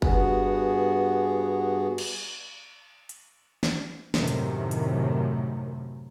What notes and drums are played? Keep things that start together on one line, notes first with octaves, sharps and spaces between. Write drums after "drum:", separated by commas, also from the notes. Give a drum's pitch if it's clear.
G2 B3 F#4 G#4, drum: kick
drum: cymbal
drum: hi-hat
drum: snare
F#2 A2 C3 D#3, drum: snare
drum: hi-hat
drum: hi-hat